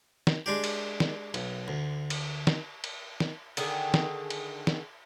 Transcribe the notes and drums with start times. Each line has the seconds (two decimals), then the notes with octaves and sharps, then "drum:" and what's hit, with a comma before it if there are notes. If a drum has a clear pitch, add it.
0.27 drum: snare
0.46 G#3 D4 G4
0.64 drum: cymbal
1.00 drum: snare
1.34 B1, drum: cymbal
1.68 D2
2.10 drum: cymbal
2.47 drum: snare
2.84 drum: cymbal
3.20 drum: snare
3.57 D3 D#3 G#4, drum: cymbal
3.94 drum: snare
4.30 drum: cymbal
4.67 drum: snare